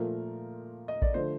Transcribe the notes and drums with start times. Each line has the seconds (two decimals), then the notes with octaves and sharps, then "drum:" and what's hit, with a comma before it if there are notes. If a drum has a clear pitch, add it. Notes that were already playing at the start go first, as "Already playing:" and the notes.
Already playing: A#2 F3 A3 A#4
0.88 D#5
1.02 D5, drum: kick A1
1.14 D3 F3 A3 C5